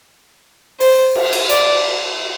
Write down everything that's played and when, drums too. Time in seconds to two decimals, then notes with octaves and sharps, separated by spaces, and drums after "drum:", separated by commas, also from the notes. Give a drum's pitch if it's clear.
0.80 C5, drum: open hi-hat
1.15 drum: cymbal
1.33 drum: cymbal
1.49 D5, drum: hi-hat